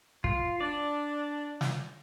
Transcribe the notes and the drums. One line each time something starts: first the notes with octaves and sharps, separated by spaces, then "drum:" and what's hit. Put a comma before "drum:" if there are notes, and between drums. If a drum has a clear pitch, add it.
F4, drum: kick
D4 D5
drum: snare